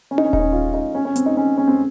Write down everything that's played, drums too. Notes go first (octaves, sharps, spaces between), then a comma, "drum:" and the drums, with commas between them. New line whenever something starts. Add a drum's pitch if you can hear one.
C#4
D#4, drum: tom D4
C#4
D#4, drum: kick D#1
C#4
F4
D#4
C#4
C#4
C4, drum: hi-hat
D#4
C#4
C#4
C4